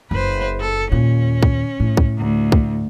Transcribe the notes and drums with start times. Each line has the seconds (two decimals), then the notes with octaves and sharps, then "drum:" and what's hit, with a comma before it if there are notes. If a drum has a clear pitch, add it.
0.11 F#1 B4 C5
0.60 A4
0.92 D#2 A#2 C#4
1.43 drum: kick
1.80 A2
1.97 drum: kick
2.18 D2
2.52 drum: kick